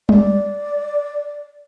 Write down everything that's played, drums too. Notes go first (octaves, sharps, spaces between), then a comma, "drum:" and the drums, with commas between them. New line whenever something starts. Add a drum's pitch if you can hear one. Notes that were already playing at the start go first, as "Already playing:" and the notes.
D5, drum: tom G3